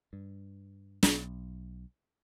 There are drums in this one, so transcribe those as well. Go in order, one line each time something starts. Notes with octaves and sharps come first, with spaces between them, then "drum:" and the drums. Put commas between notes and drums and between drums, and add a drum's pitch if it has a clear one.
G2
B1, drum: snare